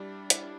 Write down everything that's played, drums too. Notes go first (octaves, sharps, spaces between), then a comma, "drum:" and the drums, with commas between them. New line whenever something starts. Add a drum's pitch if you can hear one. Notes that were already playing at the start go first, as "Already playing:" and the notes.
Already playing: G3 D4 E4
E4, drum: hi-hat